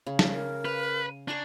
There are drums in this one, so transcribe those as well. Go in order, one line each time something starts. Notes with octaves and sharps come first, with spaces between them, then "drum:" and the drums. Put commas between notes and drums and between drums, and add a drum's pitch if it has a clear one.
C#3
drum: snare
A#4
B4 F5
D4 G#5 A#5 C#6